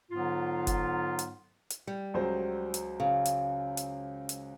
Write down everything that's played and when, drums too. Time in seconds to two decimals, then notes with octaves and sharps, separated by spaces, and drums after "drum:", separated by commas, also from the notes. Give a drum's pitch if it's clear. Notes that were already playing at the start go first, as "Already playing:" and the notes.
0.11 G#2 D3 F#3 B3 F4
0.67 drum: kick F1, hi-hat
1.19 drum: hi-hat
1.70 drum: hi-hat
1.87 G3
2.14 C#2 F#3 C5
2.74 drum: hi-hat
3.00 C#3
3.26 drum: hi-hat
3.77 drum: hi-hat
4.29 drum: hi-hat